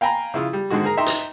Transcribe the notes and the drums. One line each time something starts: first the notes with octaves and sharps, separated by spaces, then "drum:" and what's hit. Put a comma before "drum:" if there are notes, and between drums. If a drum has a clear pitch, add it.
F5 G5 G#5 A#5 B5
C#3 E4 F4 D#6
G3
G#2 D3 D#3 G#3 F#4
G#4 A#4 A#5
D#4 E5 G5 A#5 C6
drum: hi-hat